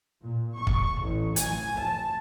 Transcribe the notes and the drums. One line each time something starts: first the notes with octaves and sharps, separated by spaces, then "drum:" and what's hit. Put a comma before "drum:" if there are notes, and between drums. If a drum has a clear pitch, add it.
A#2
C#6
drum: kick
A1
G#5, drum: hi-hat
A5